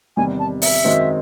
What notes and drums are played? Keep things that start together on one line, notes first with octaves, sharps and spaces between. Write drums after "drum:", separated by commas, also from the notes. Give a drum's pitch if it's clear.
E2 C3 D#3 G3 G#5
A5
E5, drum: open hi-hat
F#2 D#3 G#3 C4